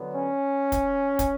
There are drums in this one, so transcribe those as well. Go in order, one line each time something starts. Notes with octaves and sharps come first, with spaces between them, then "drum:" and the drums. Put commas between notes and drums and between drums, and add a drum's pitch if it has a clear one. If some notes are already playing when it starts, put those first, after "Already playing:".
Already playing: D3 F#3 B3
C#4
drum: kick, hi-hat
drum: kick, hi-hat